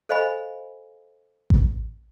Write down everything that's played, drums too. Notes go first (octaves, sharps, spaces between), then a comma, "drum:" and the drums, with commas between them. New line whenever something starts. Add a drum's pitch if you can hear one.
A4 C5 D#5 F5 G#5 B5
drum: kick A1